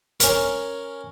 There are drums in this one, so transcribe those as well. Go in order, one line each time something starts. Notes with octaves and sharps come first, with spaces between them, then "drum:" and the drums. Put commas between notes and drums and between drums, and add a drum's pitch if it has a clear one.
C#4 A#4, drum: hi-hat